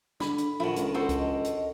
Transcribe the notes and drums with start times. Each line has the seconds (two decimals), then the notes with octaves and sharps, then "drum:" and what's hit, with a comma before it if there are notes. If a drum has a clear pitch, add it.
0.20 D3 B5, drum: snare
0.38 drum: hi-hat
0.60 D3 D#3 F3 E4 F#4
0.76 C#2, drum: hi-hat
0.94 F#4 A4 C5
1.09 drum: kick C#2, hi-hat
1.18 D#5
1.44 drum: hi-hat